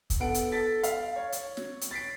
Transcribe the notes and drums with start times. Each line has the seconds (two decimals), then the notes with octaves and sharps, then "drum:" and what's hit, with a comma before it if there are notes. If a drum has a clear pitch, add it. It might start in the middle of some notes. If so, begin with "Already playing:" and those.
0.10 drum: kick, hi-hat
0.20 B3 A4 F#5 D7
0.34 drum: hi-hat
0.52 A4 A6 B6
0.83 F5, drum: hi-hat
1.16 C#5
1.32 drum: hi-hat
1.57 drum: snare
1.81 drum: hi-hat
1.91 A6 B6 C7 D7